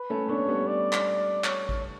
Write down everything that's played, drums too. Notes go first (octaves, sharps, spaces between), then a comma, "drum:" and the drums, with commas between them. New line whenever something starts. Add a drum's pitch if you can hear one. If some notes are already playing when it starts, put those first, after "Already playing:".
Already playing: B4
A3 C#4
B3 D4 C#5
G3 B3
D5
drum: clap
C#5, drum: clap
drum: kick A1